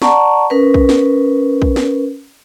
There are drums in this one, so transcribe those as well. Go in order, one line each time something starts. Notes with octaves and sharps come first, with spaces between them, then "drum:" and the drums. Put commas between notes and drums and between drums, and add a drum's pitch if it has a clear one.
D5 F#5 A5 A#5 C#6, drum: snare
C#4 A#4 B4
drum: kick
drum: snare
drum: kick
drum: snare